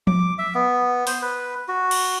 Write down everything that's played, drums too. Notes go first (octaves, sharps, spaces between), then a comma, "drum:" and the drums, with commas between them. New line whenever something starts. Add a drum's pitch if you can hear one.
D6, drum: tom F3
E5
B3
C5, drum: open hi-hat
B4
F#4
drum: cymbal